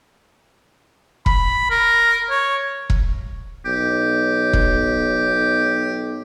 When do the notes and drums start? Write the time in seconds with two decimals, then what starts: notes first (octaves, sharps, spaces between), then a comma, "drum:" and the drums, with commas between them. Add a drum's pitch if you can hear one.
1.26 B5, drum: kick E1
1.70 A#4
2.30 C#5
2.90 drum: kick E1
3.66 B1 G4
4.53 drum: kick E1